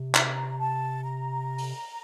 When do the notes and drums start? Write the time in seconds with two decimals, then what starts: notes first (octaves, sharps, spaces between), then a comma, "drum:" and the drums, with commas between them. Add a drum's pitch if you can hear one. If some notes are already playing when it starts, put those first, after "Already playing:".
Already playing: C3
0.15 A#5, drum: clap
0.59 A5
1.03 A#5
1.58 drum: open hi-hat